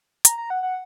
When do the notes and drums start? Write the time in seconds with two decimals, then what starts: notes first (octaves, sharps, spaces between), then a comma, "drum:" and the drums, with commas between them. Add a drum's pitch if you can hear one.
0.25 A#5, drum: hi-hat
0.38 A#5
0.50 F#5
0.63 F#5